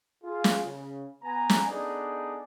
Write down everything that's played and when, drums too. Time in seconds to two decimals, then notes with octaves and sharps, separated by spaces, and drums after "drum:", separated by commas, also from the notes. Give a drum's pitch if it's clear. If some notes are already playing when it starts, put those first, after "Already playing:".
0.24 F4 G#4
0.44 drum: snare
0.64 C#3
1.23 B3 G#5 A#5
1.49 drum: snare
1.68 B3 D4 D#4 G#4 A4 D5